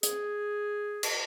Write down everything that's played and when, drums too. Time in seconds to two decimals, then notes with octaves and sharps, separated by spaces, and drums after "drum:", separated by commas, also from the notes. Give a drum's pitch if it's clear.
0.03 G#4, drum: hi-hat
1.03 drum: cymbal